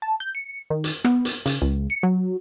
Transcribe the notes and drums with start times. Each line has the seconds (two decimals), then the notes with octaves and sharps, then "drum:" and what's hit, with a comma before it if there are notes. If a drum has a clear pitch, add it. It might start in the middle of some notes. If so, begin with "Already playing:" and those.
0.02 A5
0.20 G6
0.35 C#7
0.70 D#3
0.84 drum: hi-hat
1.04 B3, drum: rim click
1.25 drum: hi-hat
1.46 C#3, drum: hi-hat
1.62 C#2
1.90 C#7
2.03 F#3